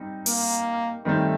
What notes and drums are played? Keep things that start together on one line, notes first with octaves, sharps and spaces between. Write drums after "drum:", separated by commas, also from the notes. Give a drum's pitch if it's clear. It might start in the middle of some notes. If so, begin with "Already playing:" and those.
Already playing: G3 C4 D#4
A#3, drum: open hi-hat
D#3 G3 A3 C4